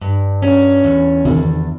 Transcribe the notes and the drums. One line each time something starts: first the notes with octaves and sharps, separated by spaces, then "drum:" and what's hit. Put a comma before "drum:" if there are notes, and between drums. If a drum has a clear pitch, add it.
G2
C#4
E2
E2, drum: tom